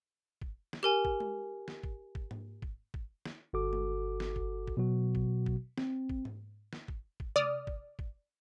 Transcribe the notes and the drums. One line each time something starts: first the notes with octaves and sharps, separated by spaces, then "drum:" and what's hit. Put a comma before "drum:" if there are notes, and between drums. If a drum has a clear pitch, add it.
drum: kick
drum: snare
G4 A#4 G#5
drum: kick
drum: tom G#3
drum: snare
drum: kick
drum: kick
drum: tom G#2
drum: kick
drum: kick
drum: snare
G1 F#4 A4 D6
drum: tom G#3
drum: snare
drum: kick
drum: kick
B2 F#3 F#4
drum: kick
drum: kick
C4, drum: snare
drum: kick
drum: tom G#2
drum: snare
drum: kick
drum: kick
D5 D#6 F6, drum: tom C3
drum: kick
drum: kick